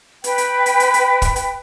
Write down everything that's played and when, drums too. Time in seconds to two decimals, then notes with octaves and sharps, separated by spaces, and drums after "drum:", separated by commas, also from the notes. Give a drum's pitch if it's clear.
0.24 B4 G5, drum: hi-hat
0.38 drum: hi-hat
0.66 drum: hi-hat
0.80 drum: hi-hat
0.94 drum: hi-hat
1.22 drum: kick, hi-hat
1.36 drum: hi-hat